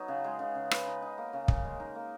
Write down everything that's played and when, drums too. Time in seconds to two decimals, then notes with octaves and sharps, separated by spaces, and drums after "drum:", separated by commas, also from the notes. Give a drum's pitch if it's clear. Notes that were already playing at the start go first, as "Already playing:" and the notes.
Already playing: F#3 B3 D#4
0.08 C#3
0.24 G#3
0.39 C#3
0.55 C#3
0.71 B4, drum: rim click
0.87 D#4
1.02 D#4
1.18 A#3
1.33 C#3
1.48 C#3, drum: kick
1.65 G#3
1.80 D#4
1.95 A#3